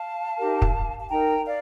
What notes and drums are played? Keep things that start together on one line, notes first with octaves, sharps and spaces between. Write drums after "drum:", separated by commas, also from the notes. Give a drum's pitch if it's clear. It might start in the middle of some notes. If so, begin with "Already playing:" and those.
Already playing: F5 A5
D#4 G4 A#4
drum: kick
A5
D#4 A#4 G5 A#5
D5 F5